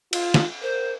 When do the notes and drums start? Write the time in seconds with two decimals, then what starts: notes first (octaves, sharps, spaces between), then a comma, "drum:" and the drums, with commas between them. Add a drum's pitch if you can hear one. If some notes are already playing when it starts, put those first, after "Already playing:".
0.13 F4, drum: cymbal
0.34 drum: snare
0.62 A#4 C5